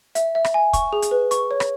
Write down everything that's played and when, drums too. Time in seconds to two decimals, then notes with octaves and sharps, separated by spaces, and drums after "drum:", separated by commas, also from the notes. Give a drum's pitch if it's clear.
0.15 E5, drum: hi-hat
0.35 E5
0.45 drum: rim click
0.54 G#5
0.73 C#6, drum: kick, hi-hat
0.93 G#4
1.02 drum: hi-hat
1.11 B4
1.31 C#6, drum: hi-hat
1.51 C#5
1.60 drum: rim click